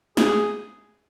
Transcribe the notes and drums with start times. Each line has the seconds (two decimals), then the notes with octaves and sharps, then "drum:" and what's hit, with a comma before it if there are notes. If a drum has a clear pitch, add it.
0.17 G#4, drum: snare